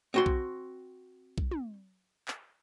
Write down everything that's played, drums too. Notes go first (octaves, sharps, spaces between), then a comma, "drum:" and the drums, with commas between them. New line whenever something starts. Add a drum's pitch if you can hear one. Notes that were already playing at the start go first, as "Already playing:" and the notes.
C4 F#4 C6
drum: kick
drum: kick
drum: tom
drum: clap